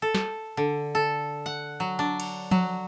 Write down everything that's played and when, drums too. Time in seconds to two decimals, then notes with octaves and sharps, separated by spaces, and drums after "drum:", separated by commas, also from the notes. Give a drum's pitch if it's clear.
0.02 A4
0.15 drum: snare
0.57 D3
0.95 A4
1.46 F#5
1.80 F#3
1.99 D4
2.20 drum: cymbal
2.51 F#3, drum: tom F3